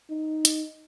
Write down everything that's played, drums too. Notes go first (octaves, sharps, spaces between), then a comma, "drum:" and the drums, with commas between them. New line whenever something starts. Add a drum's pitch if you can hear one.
D#4
drum: hi-hat